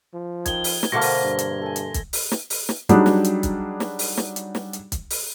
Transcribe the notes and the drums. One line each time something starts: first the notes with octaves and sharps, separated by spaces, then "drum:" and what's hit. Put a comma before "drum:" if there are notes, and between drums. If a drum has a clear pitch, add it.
F3
D#4 A#4 G5 G#6 G7, drum: kick, hi-hat
drum: open hi-hat
drum: snare
B2 D3 A#3 C5 E5 A#5 A#6
drum: open hi-hat
G2
drum: hi-hat
A4 G#5
drum: hi-hat
drum: kick, hi-hat
drum: open hi-hat
drum: snare
drum: open hi-hat
drum: snare
F#3 G3 D4 D#4 F#4 G#4, drum: hi-hat
drum: snare
drum: hi-hat
drum: kick, hi-hat
drum: snare
drum: open hi-hat
drum: snare
drum: hi-hat
drum: snare
drum: hi-hat
drum: kick, hi-hat
drum: open hi-hat